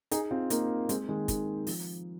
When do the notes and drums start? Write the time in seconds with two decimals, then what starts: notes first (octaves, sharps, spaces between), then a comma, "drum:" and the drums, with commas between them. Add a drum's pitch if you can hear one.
0.11 D#4 G#4, drum: hi-hat
0.31 C4 F4
0.50 A#3 D#4, drum: hi-hat
0.89 G#3 C4, drum: hi-hat
1.09 D#3 G#3
1.28 D#3, drum: kick, hi-hat
1.67 F3, drum: open hi-hat